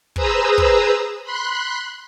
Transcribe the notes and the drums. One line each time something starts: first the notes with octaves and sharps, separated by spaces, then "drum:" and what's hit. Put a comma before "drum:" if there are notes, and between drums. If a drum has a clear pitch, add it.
G#4 B4 C5 A#5 D#6 E6, drum: kick
drum: kick
B5 C6 F#6